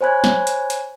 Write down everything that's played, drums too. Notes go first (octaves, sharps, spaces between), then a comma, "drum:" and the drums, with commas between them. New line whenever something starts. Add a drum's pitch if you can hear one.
C5 C#5 G#5 B5 F#6 G#6
drum: snare
drum: hi-hat
drum: hi-hat